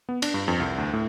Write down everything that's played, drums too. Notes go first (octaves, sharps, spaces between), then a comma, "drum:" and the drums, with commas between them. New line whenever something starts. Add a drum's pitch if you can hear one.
B3
D4, drum: cymbal
G2
F2
C2
D2
A2